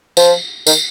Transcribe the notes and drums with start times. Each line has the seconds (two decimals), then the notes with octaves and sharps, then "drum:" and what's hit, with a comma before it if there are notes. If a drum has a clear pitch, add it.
0.17 F3, drum: tambourine
0.67 D#3, drum: tambourine